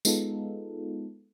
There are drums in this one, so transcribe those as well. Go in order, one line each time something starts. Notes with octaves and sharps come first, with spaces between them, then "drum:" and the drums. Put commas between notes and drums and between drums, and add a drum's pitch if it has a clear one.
G#3 B3 D#4 F4 A4, drum: tambourine